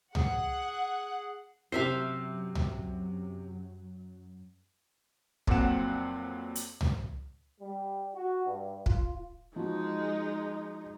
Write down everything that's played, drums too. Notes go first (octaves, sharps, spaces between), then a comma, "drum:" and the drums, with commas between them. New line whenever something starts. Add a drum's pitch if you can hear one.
G#4 F#5, drum: tom C#2
F#2 C3 F#3 C5 E5 F5 C7
drum: tom C#2
F2 A#2 F#3 C4 F#5 E7, drum: kick
drum: hi-hat
drum: tom C#2
G3
F#4
G2
F4, drum: kick
F3 G#3 D#4 F#4